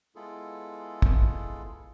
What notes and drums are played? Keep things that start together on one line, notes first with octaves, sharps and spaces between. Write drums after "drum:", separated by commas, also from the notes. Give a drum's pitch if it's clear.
G#3 B3 E4 F4 G#4 A4
drum: kick